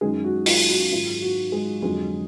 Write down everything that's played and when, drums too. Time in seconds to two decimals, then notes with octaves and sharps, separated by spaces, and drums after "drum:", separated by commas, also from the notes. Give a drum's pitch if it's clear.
0.01 F#2 D#3 F#3 G#3 G#4
0.24 F#4
0.46 F4, drum: open hi-hat
0.70 F#4
0.92 G#2 D#3 F#3 F4
1.22 F#4
1.52 G#3 G#4
1.82 F2 D3 F#3 G#3 G#4